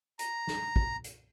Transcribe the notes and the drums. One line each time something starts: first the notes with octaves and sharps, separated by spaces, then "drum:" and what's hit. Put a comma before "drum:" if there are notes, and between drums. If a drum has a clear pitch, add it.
A#5, drum: hi-hat
drum: snare
drum: kick
drum: hi-hat